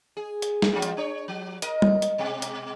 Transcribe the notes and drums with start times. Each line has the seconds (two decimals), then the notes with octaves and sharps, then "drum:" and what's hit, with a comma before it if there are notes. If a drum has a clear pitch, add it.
0.17 G#4
0.42 drum: hi-hat
0.62 drum: snare
0.72 E2 F#3 F4
0.82 drum: hi-hat
0.97 D4 C#5
1.28 F3
1.62 A#4 D#5, drum: hi-hat
1.82 drum: tom G3
2.02 drum: hi-hat
2.18 B2 G#3
2.42 drum: hi-hat